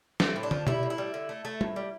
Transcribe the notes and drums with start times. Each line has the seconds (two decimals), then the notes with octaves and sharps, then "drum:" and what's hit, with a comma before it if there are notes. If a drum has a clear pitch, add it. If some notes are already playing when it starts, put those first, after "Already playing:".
0.20 A3 C4, drum: snare
0.36 A2
0.43 D4
0.51 F3, drum: tom
0.67 G3 E4, drum: tom B2
0.83 A2
0.90 E4
0.98 G3
1.14 D3
1.29 A3
1.45 A3
1.61 A2, drum: tom G3
1.76 G3